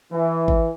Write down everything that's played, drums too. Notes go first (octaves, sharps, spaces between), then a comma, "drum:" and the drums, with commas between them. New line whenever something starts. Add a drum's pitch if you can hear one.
E3
drum: kick G#1